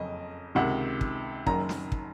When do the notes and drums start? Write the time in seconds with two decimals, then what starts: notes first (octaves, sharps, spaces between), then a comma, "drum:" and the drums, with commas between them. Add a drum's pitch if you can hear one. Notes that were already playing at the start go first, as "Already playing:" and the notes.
Already playing: F#1 F2 C#3 D#5
0.55 C#2 C3 D#3 F#5
1.01 drum: kick
1.46 F#1 F#2 D#3 A#5, drum: kick
1.69 drum: snare
1.92 drum: kick